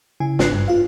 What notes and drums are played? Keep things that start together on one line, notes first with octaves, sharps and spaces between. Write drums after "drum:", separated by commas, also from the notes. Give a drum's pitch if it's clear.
C#3 E4 G#5
G#1 D4 B4 F#6 C7, drum: snare
G2
F4 F5